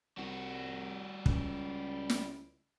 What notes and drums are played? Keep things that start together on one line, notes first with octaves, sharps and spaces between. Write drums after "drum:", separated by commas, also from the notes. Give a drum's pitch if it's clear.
C2 G3 F#4
C#2, drum: kick
drum: snare